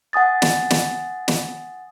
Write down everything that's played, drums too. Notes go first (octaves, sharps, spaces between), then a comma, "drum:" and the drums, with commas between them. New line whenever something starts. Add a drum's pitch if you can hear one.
F#5 G#5 D#6 A6
drum: snare
drum: snare
drum: snare